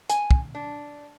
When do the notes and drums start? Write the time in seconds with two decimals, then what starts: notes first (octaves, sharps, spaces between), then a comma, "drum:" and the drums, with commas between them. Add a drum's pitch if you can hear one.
0.10 G#5, drum: hi-hat
0.31 drum: kick
0.55 D4